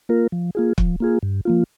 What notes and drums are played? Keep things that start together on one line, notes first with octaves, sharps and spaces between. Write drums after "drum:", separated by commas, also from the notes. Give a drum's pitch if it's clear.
A#3 F4 A#4
F3
A#3 F4 G#4
F3, drum: kick
A#3 F4 G#4
G2
F3 A#3 F4